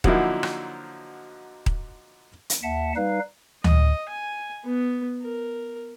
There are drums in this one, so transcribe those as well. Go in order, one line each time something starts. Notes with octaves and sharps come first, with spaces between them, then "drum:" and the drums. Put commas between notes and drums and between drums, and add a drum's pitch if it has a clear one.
D3 F3 F#3 A#3 D#4 E4, drum: kick D#1
drum: rim click
drum: kick D#1
drum: hi-hat
D#2 E5 F#5 A5
G3 D#4 B4 F5
D#5, drum: tom D2
G#5
B3
A#4